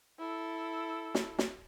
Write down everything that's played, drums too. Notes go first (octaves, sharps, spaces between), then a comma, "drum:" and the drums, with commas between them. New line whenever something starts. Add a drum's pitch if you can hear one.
E4 A4
drum: snare
drum: snare